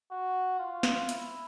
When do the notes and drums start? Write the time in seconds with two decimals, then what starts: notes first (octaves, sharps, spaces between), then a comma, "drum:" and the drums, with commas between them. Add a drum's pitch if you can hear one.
0.12 F#4
0.59 F4
0.83 drum: snare
1.09 E4, drum: hi-hat